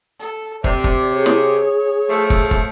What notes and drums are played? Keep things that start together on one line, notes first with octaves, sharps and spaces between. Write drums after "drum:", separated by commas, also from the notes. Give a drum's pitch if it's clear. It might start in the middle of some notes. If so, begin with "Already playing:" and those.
A4
C3 D5, drum: kick
drum: kick
G#4 C#5
drum: snare
F3 A3
drum: kick
drum: kick